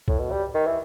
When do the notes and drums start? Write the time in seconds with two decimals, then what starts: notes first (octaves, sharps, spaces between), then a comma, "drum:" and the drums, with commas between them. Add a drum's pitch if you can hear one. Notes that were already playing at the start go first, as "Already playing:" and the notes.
0.08 A2, drum: kick C2
0.19 B2
0.31 G3
0.54 D#3
0.66 E3